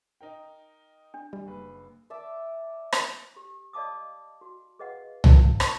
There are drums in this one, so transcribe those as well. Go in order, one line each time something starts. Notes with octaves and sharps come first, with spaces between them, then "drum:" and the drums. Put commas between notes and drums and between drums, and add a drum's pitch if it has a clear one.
D#4 A#4 G5
D4
G3
F#1 B4
D5 E5 A5 D6
drum: rim click
G4
D5 D#5 F5 A5 D6 D#6
F#4
G#4 B4 D#5 F5 F#5
E4 F5 A5, drum: tom C2
F4 A5 C#6, drum: rim click